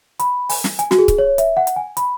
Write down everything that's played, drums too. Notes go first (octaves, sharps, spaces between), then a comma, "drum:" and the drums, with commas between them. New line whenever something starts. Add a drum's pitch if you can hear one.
B5, drum: hi-hat
G#5, drum: open hi-hat
drum: snare
G#5, drum: hi-hat
F#4, drum: snare
G#4
drum: kick C#1, hi-hat
C#5
E5, drum: hi-hat
F#5
drum: hi-hat
G#5
B5, drum: hi-hat